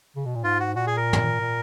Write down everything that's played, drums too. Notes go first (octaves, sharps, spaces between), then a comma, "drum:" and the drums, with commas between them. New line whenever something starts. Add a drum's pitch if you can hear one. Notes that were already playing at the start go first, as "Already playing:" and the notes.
C#3
B2
A#2
G#2 F4
F#4
A#2 F#4
G#4
A#4
drum: tom
A#2